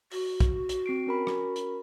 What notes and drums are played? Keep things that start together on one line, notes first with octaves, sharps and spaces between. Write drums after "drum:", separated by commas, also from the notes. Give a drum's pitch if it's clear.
F#4, drum: open hi-hat
drum: kick, hi-hat
drum: hi-hat
C4 C7 D7
C#4 A#4 B5
drum: rim click
drum: hi-hat